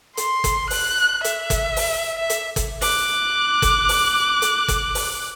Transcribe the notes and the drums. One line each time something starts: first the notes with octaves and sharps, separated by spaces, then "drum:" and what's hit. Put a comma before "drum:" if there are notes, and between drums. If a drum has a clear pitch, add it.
C6, drum: hi-hat
drum: kick G1, hi-hat
F#6, drum: open hi-hat
E5, drum: hi-hat
drum: kick G1, hi-hat
drum: open hi-hat
E5
drum: hi-hat
drum: kick G1, hi-hat
D6 F#6, drum: open hi-hat
drum: kick G1, hi-hat
drum: open hi-hat
drum: hi-hat
drum: kick G1, hi-hat
drum: open hi-hat